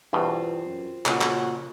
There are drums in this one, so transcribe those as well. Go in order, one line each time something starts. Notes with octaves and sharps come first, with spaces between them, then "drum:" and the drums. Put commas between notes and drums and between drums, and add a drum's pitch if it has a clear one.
E2 G2 B2 E3 C4 F4
F#2
F2 A#2 C#3 F#4, drum: clap
drum: clap